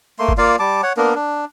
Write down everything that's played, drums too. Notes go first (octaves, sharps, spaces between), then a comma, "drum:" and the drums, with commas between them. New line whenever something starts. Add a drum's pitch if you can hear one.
A3 A#3 C6
drum: kick
A#3 F4 D5 F5
G3 A5 D6
C#5 F#5
A#3 B3 D4 A#4
D4